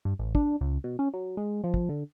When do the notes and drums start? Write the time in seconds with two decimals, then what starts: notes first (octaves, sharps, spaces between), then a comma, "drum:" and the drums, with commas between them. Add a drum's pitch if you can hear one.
0.05 G2
0.19 A1
0.35 D4, drum: kick
0.61 C#2
0.84 B2
0.99 C#4
1.14 F#3
1.37 G#3
1.64 F3
1.74 drum: kick
1.89 D3